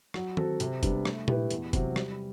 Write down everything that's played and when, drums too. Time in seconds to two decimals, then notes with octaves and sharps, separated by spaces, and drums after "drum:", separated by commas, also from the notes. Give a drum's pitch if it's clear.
0.14 F#3, drum: rim click
0.37 C4 F#4 A4, drum: tom D#3
0.60 C3, drum: hi-hat
0.83 G3 B3 D4, drum: kick, hi-hat
1.05 A3, drum: rim click
1.28 E4 G4 B4, drum: tom A#2
1.51 E2, drum: hi-hat
1.73 C3 F#3, drum: kick, hi-hat
1.96 G3, drum: rim click